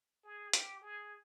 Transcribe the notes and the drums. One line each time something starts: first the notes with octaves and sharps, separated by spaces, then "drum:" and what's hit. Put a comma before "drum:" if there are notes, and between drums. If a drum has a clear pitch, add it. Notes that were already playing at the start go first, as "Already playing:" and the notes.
G#4
G4, drum: hi-hat
G#4